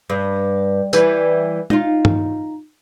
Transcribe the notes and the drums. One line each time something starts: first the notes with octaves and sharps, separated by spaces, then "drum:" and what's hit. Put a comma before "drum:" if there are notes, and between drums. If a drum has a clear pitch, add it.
G2
E3 G3, drum: tambourine
D#4 F4, drum: tom
drum: tom G2